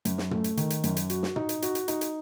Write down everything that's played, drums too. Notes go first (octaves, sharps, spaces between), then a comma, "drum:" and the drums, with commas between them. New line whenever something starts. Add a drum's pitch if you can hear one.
F#2, drum: hi-hat
drum: snare
A3, drum: tom
drum: hi-hat
D#3, drum: hi-hat
drum: hi-hat
F#2, drum: hi-hat
drum: hi-hat
F#4, drum: hi-hat
drum: snare
D#4, drum: tom
drum: hi-hat
F#4, drum: hi-hat
drum: hi-hat
D#4, drum: hi-hat
drum: hi-hat